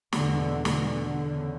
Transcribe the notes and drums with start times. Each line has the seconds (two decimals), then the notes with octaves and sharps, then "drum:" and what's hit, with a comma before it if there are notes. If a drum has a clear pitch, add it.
0.13 E2 B2 D3, drum: snare
0.65 D3, drum: snare
1.18 E2 C#3